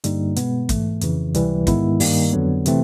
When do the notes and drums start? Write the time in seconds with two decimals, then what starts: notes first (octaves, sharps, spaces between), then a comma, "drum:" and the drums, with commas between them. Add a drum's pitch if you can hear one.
0.04 G2 D3 G3 A#3 D#4, drum: hi-hat
0.36 B2 G#3 B3, drum: hi-hat
0.69 G#2 E3 A3, drum: kick, hi-hat
1.01 F2 C#3 E3, drum: hi-hat
1.35 C#2 C3 E3 G3, drum: hi-hat
1.67 G#2 D#3 G#3 B3 E4, drum: kick, hi-hat
2.00 G2 D#3 G3 A#3, drum: open hi-hat
2.32 F2 D3 F#3 B3
2.66 C3 E3 A3 C4, drum: hi-hat